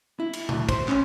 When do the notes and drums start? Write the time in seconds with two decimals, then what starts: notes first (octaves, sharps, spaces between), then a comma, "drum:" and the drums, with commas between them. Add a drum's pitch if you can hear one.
0.20 E4
0.33 drum: cymbal
0.49 D2, drum: tom A#2
0.69 C5, drum: kick, cymbal
0.88 C#4, drum: clap